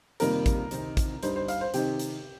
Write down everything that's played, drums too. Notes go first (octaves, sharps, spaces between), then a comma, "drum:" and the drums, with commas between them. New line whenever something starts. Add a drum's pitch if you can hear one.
F2 C3 D#3 G3 A#3 A#4, drum: hi-hat
drum: kick, hi-hat
C3 D#3 C4 D#4, drum: hi-hat
drum: kick, hi-hat
G2 G3 D#4 C5, drum: hi-hat
C5
F5, drum: hi-hat
C5
C3 D#3 C4 D#4 G4, drum: hi-hat
drum: hi-hat